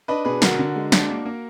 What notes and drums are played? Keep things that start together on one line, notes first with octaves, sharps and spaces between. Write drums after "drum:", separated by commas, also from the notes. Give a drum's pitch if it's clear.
D4 B4 D#5
B2 G#4 B4
D3 F#4 A#4, drum: snare
D3
G#3
D4, drum: snare
A#3
A#3